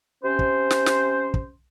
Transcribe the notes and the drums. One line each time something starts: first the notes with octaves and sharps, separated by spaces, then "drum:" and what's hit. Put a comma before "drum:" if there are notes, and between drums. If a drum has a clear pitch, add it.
C3 C#4 C5
drum: kick
drum: snare
drum: snare
drum: kick